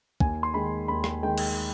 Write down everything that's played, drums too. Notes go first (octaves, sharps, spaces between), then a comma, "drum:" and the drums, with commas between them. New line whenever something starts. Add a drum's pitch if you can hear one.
D#2 G#5, drum: kick
C6
D#3 G#3 B5
D#2 B5
drum: rim click
D#3 G#3 G5
drum: cymbal